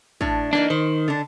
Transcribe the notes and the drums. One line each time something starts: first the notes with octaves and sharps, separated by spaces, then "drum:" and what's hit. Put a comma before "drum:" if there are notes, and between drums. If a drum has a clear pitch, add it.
A2 D4, drum: kick
E3 A#3 D4 D#4
D#3 C5
D3 D4